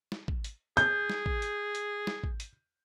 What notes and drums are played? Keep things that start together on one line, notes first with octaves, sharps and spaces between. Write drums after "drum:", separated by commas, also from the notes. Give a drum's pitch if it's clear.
drum: snare
drum: kick
drum: hi-hat
G#4 G6, drum: hi-hat
drum: snare
drum: kick
drum: hi-hat
drum: hi-hat
drum: snare
drum: kick
drum: hi-hat